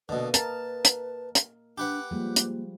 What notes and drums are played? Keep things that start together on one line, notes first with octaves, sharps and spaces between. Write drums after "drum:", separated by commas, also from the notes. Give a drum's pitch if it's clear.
B2 D3 A#3 B4 D#5
A#4 A5, drum: hi-hat
drum: hi-hat
drum: hi-hat
D4 G4 B4 F#5
F3 G3 G#3 A#3
drum: hi-hat